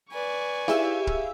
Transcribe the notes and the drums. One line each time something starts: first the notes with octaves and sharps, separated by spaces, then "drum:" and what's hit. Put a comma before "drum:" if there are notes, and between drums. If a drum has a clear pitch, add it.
B4 D5 G#5 C#6
E4 G4 G#4 E5 F5 E6, drum: snare D#4
drum: kick